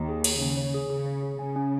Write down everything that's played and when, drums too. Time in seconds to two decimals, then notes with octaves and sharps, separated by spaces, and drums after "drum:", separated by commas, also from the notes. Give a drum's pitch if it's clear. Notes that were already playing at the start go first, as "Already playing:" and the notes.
Already playing: D#2 D#3
0.09 G#4
0.24 C#5, drum: cymbal
0.41 C#3 C#4
0.57 C#5
0.74 G#4
0.90 C#3 G#4
1.06 C#5
1.23 G#4
1.39 C#3 G#5
1.56 C#4